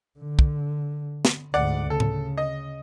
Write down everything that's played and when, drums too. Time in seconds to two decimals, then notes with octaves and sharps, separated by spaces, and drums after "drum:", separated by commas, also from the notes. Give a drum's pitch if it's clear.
0.19 D3
0.39 drum: kick
1.25 drum: snare
1.54 D2 G#2 D5 F#5
1.90 C#3 A4
2.00 drum: tom A2
2.38 D#5